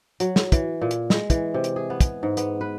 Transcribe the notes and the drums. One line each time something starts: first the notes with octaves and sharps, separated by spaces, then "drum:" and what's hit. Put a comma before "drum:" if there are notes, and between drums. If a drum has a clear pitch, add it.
F#3, drum: hi-hat
drum: snare
E3, drum: kick, hi-hat
A#2
drum: hi-hat
G#3, drum: snare
E3, drum: kick, hi-hat
C3
drum: hi-hat
G#4
B3
drum: kick, hi-hat
G#2
B3, drum: hi-hat
B4